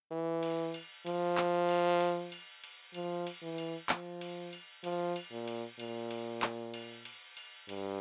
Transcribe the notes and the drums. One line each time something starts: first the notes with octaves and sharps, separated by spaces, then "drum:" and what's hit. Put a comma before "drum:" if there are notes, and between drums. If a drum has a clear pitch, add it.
E3
drum: cymbal
drum: cymbal
F3, drum: cymbal
drum: clap
drum: cymbal
drum: cymbal
drum: cymbal
drum: cymbal
F3, drum: cymbal
drum: cymbal
E3
drum: cymbal
F3, drum: clap
drum: cymbal
drum: cymbal
F3, drum: cymbal
drum: cymbal
A#2
drum: cymbal
A#2, drum: cymbal
drum: cymbal
drum: clap
drum: cymbal
drum: cymbal
drum: cymbal
G2, drum: cymbal